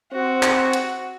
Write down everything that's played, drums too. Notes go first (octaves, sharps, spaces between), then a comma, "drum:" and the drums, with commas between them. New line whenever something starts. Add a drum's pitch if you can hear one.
C4 F#4
drum: clap
drum: hi-hat